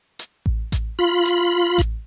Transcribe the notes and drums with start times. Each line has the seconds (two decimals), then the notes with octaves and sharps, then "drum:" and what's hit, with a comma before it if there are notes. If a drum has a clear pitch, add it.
0.19 drum: hi-hat
0.46 drum: kick A1
0.72 drum: kick A1, hi-hat
0.99 F4 B5
1.25 drum: hi-hat
1.78 drum: kick A1, hi-hat